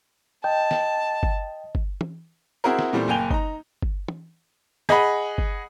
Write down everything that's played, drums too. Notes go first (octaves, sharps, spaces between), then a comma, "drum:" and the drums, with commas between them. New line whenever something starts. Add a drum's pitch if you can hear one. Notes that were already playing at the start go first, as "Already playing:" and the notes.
D#5 G5 A5
drum: snare
drum: kick G1
drum: kick G1
drum: tom
C4 E4 F#4 G#4 A#4
drum: snare
A#2 E3 G3 A3 C4
F#1 A#3 G5 G#5 F7 G7
D#4 A#5, drum: kick G1
drum: kick G1
drum: tom
G#4 D#5 F#5 B5, drum: snare
drum: kick G1